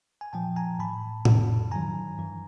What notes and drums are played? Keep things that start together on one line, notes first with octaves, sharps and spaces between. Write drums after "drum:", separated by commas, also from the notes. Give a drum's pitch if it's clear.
G#5
A#2 F3 G5 A5
G#5 A#5
A2 E3 A5 B5
F2 C3 E3, drum: tom A2
G2 D#3 F#3 G#5 A#5
G2 E3